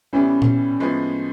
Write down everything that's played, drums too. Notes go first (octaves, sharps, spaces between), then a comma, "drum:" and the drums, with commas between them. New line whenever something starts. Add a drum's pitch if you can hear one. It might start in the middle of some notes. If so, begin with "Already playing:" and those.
A2 E3 G3 B3 C#4
drum: tom A#2
A2 F3 G#3 B3